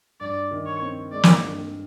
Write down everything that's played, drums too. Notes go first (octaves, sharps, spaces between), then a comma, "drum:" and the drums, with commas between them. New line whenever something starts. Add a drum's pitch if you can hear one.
G2 D5
D#3
C#5
C4
G#3 D5
drum: snare
G2